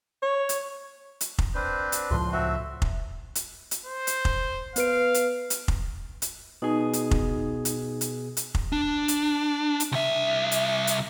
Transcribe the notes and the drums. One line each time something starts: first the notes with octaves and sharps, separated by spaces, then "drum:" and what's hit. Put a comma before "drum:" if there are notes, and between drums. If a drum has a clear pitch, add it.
C#5
drum: hi-hat
drum: hi-hat
drum: kick F1
C4 D4 B4 C5
drum: hi-hat
C#2 A2 F3 C6
C4 F#4 E5
drum: kick F1
drum: hi-hat
drum: hi-hat
C5
drum: hi-hat
drum: kick F1
B3 B4 F5 D7, drum: hi-hat
drum: hi-hat
drum: hi-hat
drum: kick F1
drum: hi-hat
B2 D#4 G#4
drum: hi-hat
drum: kick F1
drum: hi-hat
drum: hi-hat
drum: hi-hat
drum: kick F1
D4
drum: hi-hat
drum: hi-hat
C2 E5
drum: hi-hat
drum: hi-hat